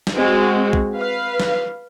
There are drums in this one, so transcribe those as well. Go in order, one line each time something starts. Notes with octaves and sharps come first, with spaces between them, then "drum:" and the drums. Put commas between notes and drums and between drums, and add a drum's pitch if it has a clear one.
drum: snare
G#3 C4 F#4
drum: kick
B4 F5
drum: snare